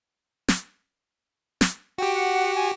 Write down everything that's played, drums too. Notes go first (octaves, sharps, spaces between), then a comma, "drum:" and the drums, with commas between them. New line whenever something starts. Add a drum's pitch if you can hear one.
drum: snare
drum: snare
F#4 G4 G5
F#5
G#5